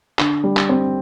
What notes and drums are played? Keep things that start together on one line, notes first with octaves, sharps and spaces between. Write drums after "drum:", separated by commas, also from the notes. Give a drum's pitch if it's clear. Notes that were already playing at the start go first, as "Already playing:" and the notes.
D3, drum: clap
G3
drum: clap
C4